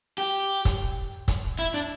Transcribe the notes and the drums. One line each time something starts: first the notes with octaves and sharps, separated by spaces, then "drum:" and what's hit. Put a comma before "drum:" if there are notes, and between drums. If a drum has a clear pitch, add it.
G4
drum: kick, hi-hat
drum: kick, hi-hat
E4
D4